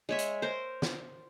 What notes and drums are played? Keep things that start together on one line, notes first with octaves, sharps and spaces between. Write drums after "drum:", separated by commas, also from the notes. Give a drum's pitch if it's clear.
G#3 C#5 E5
drum: hi-hat
A#4 C5
drum: snare